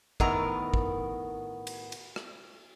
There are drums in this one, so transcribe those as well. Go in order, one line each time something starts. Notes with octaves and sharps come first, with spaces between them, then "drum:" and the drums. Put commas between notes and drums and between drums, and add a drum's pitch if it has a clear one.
A2 D#3 B3 A#4 A#5, drum: kick
drum: kick
drum: cymbal
drum: cymbal
drum: rim click